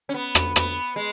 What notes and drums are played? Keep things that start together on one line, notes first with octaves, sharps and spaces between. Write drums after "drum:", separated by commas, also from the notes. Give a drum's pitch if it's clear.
C#4
B3
drum: rim click
B3, drum: rim click
G#3